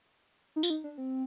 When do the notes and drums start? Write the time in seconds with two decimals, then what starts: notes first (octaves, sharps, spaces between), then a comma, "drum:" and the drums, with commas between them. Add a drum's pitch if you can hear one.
0.56 D#4
0.63 F4, drum: tambourine
0.70 D#4
0.84 D4
0.98 C4